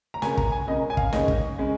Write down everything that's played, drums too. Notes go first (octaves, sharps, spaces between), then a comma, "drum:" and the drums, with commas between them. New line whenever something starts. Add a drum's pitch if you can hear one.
A#5
C#2 C#3 A#3 C#4 G#5, drum: snare
A#5, drum: kick
G#5
C#2 C#3 A#3 C#4 D#5
G#5
F5, drum: kick
D#2 C#3 G#3 C#4 D#5, drum: snare
drum: kick
C#3 G#3 C#4